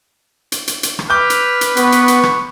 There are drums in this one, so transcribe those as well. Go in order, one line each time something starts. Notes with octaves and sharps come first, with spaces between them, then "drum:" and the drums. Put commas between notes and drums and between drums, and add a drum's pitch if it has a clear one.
drum: hi-hat
drum: hi-hat
drum: hi-hat
drum: rim click
B4 D6 F6 G6
drum: hi-hat
drum: hi-hat
B3 C#6, drum: hi-hat
drum: hi-hat
drum: hi-hat
drum: rim click